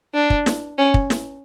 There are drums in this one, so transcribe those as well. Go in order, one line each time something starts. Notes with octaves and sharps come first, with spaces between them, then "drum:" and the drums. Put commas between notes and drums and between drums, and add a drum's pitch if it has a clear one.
D4
drum: kick
drum: snare
C#4
drum: kick
drum: snare